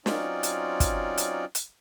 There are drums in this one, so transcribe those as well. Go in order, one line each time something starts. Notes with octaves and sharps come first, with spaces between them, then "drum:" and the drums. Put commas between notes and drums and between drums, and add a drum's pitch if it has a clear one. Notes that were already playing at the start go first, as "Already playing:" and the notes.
F#3 C4 C#4 D#4 F4 D5, drum: snare
drum: hi-hat
drum: kick, hi-hat
drum: hi-hat
drum: hi-hat